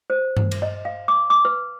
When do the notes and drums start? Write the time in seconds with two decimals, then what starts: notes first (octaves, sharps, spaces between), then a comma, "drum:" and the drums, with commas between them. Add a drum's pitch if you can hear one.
0.10 C5
0.37 drum: tom G2
0.51 drum: cymbal
0.62 D#5
0.85 F5
1.08 D6
1.30 D6
1.45 B4